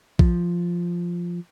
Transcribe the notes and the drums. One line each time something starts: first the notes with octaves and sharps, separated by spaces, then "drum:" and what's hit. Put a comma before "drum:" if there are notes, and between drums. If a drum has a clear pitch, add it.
F3, drum: kick A#1